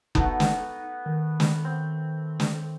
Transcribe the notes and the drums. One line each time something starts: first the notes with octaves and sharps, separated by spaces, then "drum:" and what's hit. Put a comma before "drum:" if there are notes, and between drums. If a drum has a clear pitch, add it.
A3 B3 D#4 F#4, drum: kick F#1
drum: snare
D#3
drum: snare
C4
drum: snare